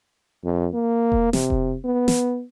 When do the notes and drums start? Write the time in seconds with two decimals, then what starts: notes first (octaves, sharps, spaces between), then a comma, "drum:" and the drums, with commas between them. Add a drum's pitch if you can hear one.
0.44 F2
0.73 A#3
1.12 drum: kick E1
1.33 C3, drum: snare
1.50 drum: kick E1
1.85 B3
2.08 drum: snare